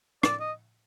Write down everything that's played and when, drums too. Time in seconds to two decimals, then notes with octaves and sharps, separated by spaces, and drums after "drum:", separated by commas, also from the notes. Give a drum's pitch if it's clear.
0.23 D5, drum: rim click
0.40 D#5